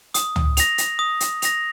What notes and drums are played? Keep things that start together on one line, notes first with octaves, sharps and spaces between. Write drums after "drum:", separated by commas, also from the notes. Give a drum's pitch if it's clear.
D#6, drum: hi-hat
drum: tom
A#6 F7, drum: hi-hat
drum: hi-hat
D#6
drum: hi-hat
A#6 F7, drum: hi-hat